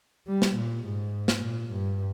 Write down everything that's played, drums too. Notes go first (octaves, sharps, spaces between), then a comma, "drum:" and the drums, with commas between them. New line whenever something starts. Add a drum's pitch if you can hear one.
G3
drum: snare
A#2
G#2
drum: snare
A#2
G2